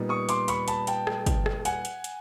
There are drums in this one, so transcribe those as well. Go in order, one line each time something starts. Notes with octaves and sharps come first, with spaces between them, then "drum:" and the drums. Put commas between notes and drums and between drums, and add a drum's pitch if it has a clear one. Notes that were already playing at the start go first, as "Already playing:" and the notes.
Already playing: A#2 G3 B3 D#4
C#6 D#6
C6 D6, drum: hi-hat
B5 C#6, drum: hi-hat
A5 B5, drum: hi-hat
G5 A5, drum: hi-hat
drum: rim click
drum: kick, hi-hat
drum: rim click
F#5 G#5, drum: hi-hat
drum: hi-hat
drum: hi-hat